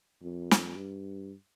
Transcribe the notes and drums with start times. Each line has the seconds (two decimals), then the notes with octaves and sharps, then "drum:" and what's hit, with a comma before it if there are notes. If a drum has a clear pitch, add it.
0.22 F2
0.51 drum: snare
0.76 G2